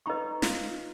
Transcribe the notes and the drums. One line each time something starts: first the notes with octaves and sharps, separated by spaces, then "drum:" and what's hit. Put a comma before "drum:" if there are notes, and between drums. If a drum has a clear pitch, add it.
D#4 B4 D#5 A#5 C#6
F4, drum: snare